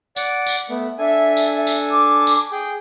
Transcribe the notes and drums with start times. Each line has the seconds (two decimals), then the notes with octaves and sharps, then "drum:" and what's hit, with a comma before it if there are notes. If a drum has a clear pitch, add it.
0.16 D5 F#5, drum: tambourine
0.47 drum: tambourine
0.69 A3 B3
0.99 D4 A4 E5 G#5
1.37 drum: tambourine
1.67 drum: tambourine
1.91 D6
2.27 drum: tambourine
2.52 G#4 G5